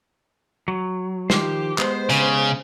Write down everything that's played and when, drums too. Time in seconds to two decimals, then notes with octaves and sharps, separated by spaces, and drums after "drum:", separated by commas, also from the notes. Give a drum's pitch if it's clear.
0.68 F#3
1.30 D#3 F3 G4 C5, drum: snare
1.78 G#3 B3 C5, drum: clap
2.10 C#3, drum: hi-hat